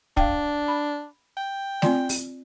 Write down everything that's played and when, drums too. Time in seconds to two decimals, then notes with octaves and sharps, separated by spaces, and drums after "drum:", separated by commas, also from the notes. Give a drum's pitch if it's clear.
0.17 D4 F5 G5, drum: kick
0.68 B5
1.37 G5
1.82 C4 F4 D5, drum: snare A3
2.09 drum: open hi-hat